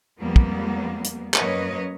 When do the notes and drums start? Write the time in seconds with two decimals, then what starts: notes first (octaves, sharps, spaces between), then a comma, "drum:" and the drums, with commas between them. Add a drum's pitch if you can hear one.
0.18 F2 G3 G#3 A#3 B3
0.36 drum: kick
1.05 drum: hi-hat
1.34 F#2 A#3 B4 C#5 D#5, drum: clap